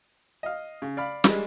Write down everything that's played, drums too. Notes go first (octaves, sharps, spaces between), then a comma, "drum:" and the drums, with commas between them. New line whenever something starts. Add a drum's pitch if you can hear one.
D#5 F5
C#3
D5 F5 B5
G3 G#3, drum: snare